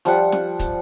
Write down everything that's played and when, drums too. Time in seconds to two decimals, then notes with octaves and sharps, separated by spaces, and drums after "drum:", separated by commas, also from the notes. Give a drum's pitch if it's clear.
0.05 F3 G3 F#5, drum: hi-hat
0.32 drum: snare
0.59 drum: kick, hi-hat